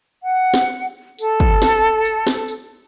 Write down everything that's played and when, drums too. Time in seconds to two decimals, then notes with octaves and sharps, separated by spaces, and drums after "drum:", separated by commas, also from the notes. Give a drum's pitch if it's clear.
0.23 F#5
0.54 drum: snare
1.18 A4, drum: tambourine
1.40 drum: kick
1.62 drum: snare
2.05 drum: tambourine
2.27 drum: snare
2.48 drum: tambourine